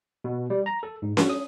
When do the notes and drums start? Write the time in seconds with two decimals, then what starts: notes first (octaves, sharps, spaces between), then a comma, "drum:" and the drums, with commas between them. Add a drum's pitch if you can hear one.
0.24 B2
0.50 G3
0.66 A#5
0.83 A4
1.02 G#2
1.17 F#4, drum: snare C#4
1.29 D#6